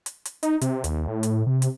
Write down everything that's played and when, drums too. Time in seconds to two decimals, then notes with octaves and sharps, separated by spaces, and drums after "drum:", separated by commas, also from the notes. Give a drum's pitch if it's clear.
0.06 drum: hi-hat
0.25 drum: hi-hat
0.43 D#4, drum: hi-hat
0.61 C3, drum: hi-hat
0.84 D#2, drum: hi-hat
1.08 A2
1.23 drum: hi-hat
1.46 C3
1.62 drum: hi-hat